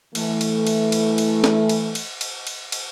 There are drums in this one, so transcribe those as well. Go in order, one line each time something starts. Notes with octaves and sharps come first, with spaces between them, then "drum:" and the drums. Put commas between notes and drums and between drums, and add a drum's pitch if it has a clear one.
E3 A3, drum: cymbal
drum: cymbal
drum: cymbal
drum: cymbal
drum: cymbal
drum: snare
drum: cymbal
drum: cymbal
drum: cymbal
drum: cymbal
drum: cymbal